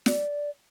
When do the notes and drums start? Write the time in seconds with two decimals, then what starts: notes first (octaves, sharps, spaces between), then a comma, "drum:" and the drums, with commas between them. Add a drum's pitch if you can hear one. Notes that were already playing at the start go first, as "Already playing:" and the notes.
0.06 D5, drum: snare